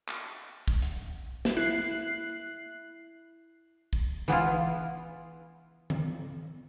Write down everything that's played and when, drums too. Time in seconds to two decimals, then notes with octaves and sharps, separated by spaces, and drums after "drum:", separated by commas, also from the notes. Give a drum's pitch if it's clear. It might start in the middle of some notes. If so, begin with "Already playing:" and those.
0.08 drum: clap
0.68 drum: kick
0.82 drum: hi-hat
1.45 drum: snare
1.57 E4 F#6 C7
3.93 drum: kick
4.28 E3 B3 E4 F4, drum: tambourine
5.90 drum: tom D#3